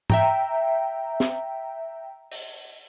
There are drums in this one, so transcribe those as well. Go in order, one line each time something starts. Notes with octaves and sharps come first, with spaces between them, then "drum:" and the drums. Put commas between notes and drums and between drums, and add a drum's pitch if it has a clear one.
E5 G5 A#5, drum: tom G#2
drum: snare
drum: open hi-hat